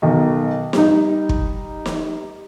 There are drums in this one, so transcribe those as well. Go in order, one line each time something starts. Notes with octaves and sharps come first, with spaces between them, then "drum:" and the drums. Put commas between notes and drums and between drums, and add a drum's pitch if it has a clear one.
B1 D#3
G3 D#4, drum: snare
drum: kick
drum: snare